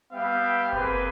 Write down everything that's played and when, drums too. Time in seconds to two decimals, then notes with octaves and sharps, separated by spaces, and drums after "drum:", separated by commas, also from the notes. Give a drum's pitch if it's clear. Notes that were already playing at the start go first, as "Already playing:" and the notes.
0.12 G3 B3 E5 F5 G5
0.73 A#3 C4 G#4 B4, drum: kick F#1